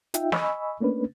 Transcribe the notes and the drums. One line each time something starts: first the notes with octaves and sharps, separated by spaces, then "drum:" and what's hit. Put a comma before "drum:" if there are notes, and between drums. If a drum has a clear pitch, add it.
D#4 F4 E5 G5, drum: hi-hat
D#5 G#5 B5 C#6 E6, drum: snare
A3 A#3 C#4 D4 B4